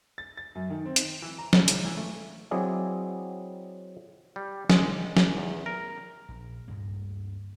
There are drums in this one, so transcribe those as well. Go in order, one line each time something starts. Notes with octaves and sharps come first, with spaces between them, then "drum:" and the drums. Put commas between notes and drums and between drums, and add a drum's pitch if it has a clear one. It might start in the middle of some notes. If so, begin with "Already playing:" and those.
A6
A6
F#2
D#3
C4
drum: hi-hat
E3
A#5
E2, drum: snare F#3
C#2, drum: hi-hat
E3
A3
F#3 C4 E4 G#4 D5 D#5
G3
G#3, drum: snare F#3
drum: snare F#3
E2
A#4
A#1
D2 G2 A#3